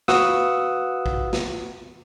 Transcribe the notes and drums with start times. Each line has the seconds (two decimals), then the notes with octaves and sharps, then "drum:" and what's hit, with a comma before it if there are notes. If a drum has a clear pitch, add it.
0.08 F#4 B4 F5 F#5 D#6 E6, drum: snare
1.06 drum: kick
1.33 drum: snare